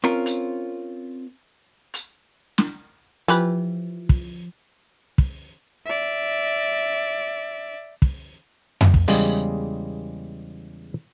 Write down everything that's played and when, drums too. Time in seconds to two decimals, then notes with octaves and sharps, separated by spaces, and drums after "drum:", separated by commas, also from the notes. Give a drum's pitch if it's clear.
0.04 C4 C#4 F4 A#4, drum: rim click
0.26 drum: hi-hat
1.94 drum: hi-hat
2.58 drum: snare
3.28 E3 F3 G4 B4, drum: hi-hat
4.09 drum: kick
5.18 drum: kick
5.86 D5 E5
8.02 drum: kick
8.81 drum: tom F2
8.94 drum: kick
9.08 E2 C#3 G3 G#3, drum: open hi-hat